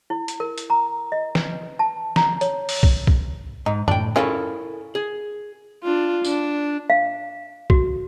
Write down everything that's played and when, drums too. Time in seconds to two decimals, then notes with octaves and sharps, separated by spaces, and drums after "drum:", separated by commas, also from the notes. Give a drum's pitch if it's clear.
0.10 E4
0.28 drum: hi-hat
0.40 A#4
0.58 drum: hi-hat
0.70 A#5
1.12 D#5
1.35 B4, drum: snare
1.79 A5
2.16 A#5, drum: snare
2.41 C#5, drum: hi-hat
2.69 drum: open hi-hat
2.83 drum: kick
3.07 drum: kick
3.66 G#2 D#4
3.88 A2 D4 G5, drum: tom F#2
4.16 C#3 C#4 E4 F4 A4 A#4
4.95 G#4
5.84 D4 F4
6.25 D4, drum: tambourine
6.90 F5
7.70 F#4, drum: kick